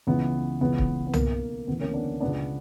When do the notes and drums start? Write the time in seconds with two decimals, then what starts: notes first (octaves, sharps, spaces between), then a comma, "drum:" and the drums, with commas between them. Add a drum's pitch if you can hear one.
0.07 C#2 C#3 E3 B3
0.61 C#2 C#3 E3 B3
0.78 drum: kick C#1
1.07 B3
1.14 B1 B2 A#3, drum: tom C2
1.67 D2 C#3 E3 B3
1.81 A#3 C#4
1.94 B3 D4
2.21 C#2 B2 B3 D4